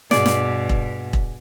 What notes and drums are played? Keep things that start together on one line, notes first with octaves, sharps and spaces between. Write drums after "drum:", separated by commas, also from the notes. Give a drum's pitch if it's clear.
G2 B2 G#4 D5, drum: snare
drum: snare
drum: kick E1
drum: kick E1